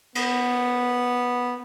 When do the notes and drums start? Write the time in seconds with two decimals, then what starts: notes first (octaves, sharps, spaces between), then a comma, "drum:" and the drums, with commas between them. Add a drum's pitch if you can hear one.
0.15 B3, drum: cymbal